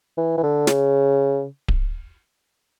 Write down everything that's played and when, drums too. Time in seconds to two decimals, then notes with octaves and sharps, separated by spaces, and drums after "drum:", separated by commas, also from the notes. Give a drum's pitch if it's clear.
0.17 E3
0.38 E3
0.43 D3
0.67 C#3, drum: snare
1.68 drum: kick D1